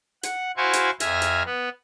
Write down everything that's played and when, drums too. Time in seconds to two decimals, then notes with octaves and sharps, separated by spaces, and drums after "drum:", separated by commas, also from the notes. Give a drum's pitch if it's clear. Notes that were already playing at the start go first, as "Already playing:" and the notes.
0.23 F#5, drum: hi-hat
0.57 E4 F#4 C5 F5 G#5 C#6
0.73 drum: hi-hat
1.00 F2 E5 G#5 F6 A#6, drum: hi-hat
1.22 drum: hi-hat
1.46 B3 B4